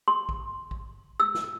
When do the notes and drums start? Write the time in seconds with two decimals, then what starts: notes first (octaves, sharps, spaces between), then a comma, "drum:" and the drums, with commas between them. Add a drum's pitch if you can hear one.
0.08 C6
0.29 drum: kick A#1
0.71 drum: kick A#1
1.20 E6
1.35 drum: snare